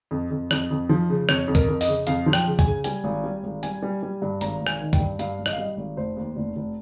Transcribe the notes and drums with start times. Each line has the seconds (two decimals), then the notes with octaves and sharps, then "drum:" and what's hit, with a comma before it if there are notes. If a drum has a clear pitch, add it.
0.11 F2
0.31 F2
0.51 F2, drum: rim click
0.71 F2
0.89 F3
1.09 C#3
1.29 F2 C#5, drum: rim click
1.48 F2
1.55 A#4, drum: kick C#2, hi-hat
1.68 F2
1.81 D#5, drum: open hi-hat
1.87 C#3
2.07 F2 F5, drum: hi-hat
2.26 F3
2.33 G5, drum: rim click
2.46 C#3
2.59 G#5, drum: kick C#2, hi-hat
2.65 C#3
2.84 G3 G#5, drum: hi-hat
3.04 G#1
3.24 G3
3.43 G#1
3.63 G3 G#5, drum: hi-hat
3.83 G3
4.03 G3
4.22 G2
4.41 G#1 A#5, drum: hi-hat
4.61 G#1
4.67 G#5, drum: rim click
4.80 D#3
4.93 G5, drum: kick C#2, hi-hat
5.00 G2
5.19 G2 F5, drum: hi-hat
5.39 G#1
5.46 D#5, drum: rim click
5.53 F5
5.58 G3 D#5
5.77 G#1
5.97 F1 C5
6.17 D#2
6.36 F1
6.56 F1